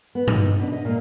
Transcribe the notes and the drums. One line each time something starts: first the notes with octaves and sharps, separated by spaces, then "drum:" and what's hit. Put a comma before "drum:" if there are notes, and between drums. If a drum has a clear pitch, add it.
B3
D#4, drum: tom G2
D#4
B2 D4
D#5
A#2 A#3